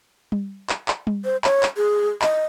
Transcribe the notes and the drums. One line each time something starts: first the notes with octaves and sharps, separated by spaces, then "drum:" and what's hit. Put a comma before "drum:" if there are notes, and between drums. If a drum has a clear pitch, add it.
drum: tom G3
drum: clap
drum: clap
drum: tom G3
C5
C#5, drum: clap
drum: clap
G#4
D#5, drum: clap